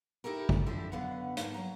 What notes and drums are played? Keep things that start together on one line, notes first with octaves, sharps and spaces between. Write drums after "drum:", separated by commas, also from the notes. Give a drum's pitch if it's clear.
D#4 E4 G4 A4 A#4
drum: kick
D3 F3 E4 G4 A4
F#2 D3 B3 F5 F#5
G#2 D#3 A#3 D#4 F5 A5, drum: hi-hat
F#3 A#5